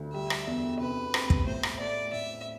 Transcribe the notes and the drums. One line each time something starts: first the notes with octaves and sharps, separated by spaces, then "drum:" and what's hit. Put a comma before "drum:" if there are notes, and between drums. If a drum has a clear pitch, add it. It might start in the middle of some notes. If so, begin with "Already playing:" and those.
Already playing: D2
G3 E5
drum: rim click
E2
C3 B4
C4, drum: rim click
drum: kick
A2 C5
drum: rim click
A3 D5
A2 E5